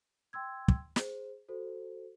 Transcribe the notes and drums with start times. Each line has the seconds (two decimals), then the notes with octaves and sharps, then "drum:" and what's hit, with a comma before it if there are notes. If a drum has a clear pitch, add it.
0.33 G5 C6 E6 G#6
0.68 drum: kick
0.96 G#4 C5, drum: snare
1.49 F#4 A4 C5